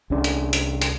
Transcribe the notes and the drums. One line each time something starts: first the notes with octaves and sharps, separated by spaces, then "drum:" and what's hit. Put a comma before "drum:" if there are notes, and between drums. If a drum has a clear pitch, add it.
C2 C#4 D4
drum: hi-hat
drum: hi-hat
drum: hi-hat